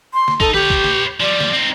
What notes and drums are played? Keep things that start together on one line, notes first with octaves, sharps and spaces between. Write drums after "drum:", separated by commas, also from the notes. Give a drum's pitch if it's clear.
C6
drum: snare
D#4 A4, drum: kick
G4 B4 C#5, drum: tom D3
drum: kick
drum: snare
F3 G3 D5
drum: snare
C4 D#4